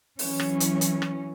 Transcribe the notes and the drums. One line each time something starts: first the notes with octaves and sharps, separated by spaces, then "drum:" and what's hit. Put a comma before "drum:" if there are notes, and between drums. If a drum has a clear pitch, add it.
E3 F#3 C#4, drum: open hi-hat
drum: rim click
drum: hi-hat
drum: hi-hat
drum: rim click